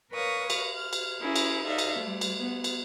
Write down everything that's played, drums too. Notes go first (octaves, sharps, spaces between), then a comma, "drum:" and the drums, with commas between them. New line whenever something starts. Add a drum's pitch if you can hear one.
A#4 B4 C#5 F5 C#6 D#6
drum: cymbal
F6
drum: cymbal
C#4 E4 G#4 A#4
drum: cymbal
D#4 A4 D5 E5 F5
drum: cymbal
G3 A3
drum: cymbal
B3
drum: cymbal